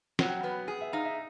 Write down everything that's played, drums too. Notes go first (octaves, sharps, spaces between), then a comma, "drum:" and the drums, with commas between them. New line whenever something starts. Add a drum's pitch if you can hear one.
F#3 F#5, drum: snare
G5
F#5
B3
G#4 G#5
E5
D#4 F5
E5